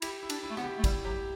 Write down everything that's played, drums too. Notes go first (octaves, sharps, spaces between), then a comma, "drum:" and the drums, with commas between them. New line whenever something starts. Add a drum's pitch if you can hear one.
E4 G4, drum: cymbal
E4
D4, drum: cymbal
E4
A3
B3, drum: rim click
G4
A3
G3 E4, drum: kick, cymbal
F#3 G4